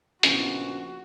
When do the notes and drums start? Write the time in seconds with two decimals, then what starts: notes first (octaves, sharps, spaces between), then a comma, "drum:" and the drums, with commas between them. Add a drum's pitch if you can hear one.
0.23 A#1 C#3 E3 B3 F#4, drum: hi-hat